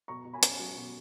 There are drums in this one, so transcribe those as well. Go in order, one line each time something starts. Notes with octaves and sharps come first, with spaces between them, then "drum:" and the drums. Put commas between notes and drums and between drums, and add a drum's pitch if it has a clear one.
B2 A#5 C#6
B2
G#5 B5
C#4, drum: hi-hat
F#3
B2